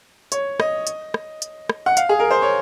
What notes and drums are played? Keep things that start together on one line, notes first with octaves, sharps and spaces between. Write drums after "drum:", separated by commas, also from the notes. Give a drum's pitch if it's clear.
C#5, drum: hi-hat
D#5, drum: rim click
drum: hi-hat
drum: rim click
drum: hi-hat
drum: rim click
F#5
F5, drum: hi-hat
G#4
A#4
C5
C#5